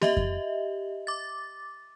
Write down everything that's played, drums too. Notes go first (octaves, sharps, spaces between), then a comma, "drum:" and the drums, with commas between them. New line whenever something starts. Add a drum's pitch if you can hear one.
G4 D#5 E5, drum: snare A#3
drum: kick F2
D6 A6